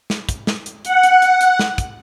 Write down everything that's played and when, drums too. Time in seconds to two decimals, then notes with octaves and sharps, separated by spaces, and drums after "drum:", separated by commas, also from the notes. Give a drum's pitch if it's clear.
0.10 drum: snare
0.29 drum: kick, hi-hat
0.47 drum: snare
0.66 drum: hi-hat
0.85 F#5, drum: hi-hat
1.03 drum: hi-hat
1.22 drum: hi-hat
1.41 drum: hi-hat
1.59 drum: snare
1.78 drum: kick, hi-hat